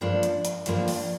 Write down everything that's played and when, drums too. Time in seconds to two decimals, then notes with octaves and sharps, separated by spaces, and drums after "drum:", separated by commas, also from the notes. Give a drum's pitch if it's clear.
0.01 G2 F3 A#3 D4
0.23 drum: hi-hat
0.45 drum: hi-hat
0.66 G2 F3 A#3 D4, drum: hi-hat
0.88 drum: open hi-hat